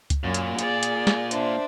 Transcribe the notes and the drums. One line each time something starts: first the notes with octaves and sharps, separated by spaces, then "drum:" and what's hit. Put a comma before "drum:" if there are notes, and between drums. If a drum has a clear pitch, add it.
drum: kick C#2, hi-hat
F#2 A#2
drum: hi-hat
G#4 D5, drum: hi-hat
drum: hi-hat
drum: snare
D4 C5 E5, drum: hi-hat